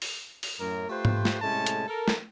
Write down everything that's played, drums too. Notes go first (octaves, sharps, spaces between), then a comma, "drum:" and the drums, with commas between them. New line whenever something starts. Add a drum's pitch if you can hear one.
drum: open hi-hat
drum: open hi-hat
F#2 A2 A#4
A3 F4 G4 B4 C5
drum: tom G#2
drum: snare
A2 C3 G#3 A3 C#4 A5
drum: hi-hat
A4 A#4
drum: snare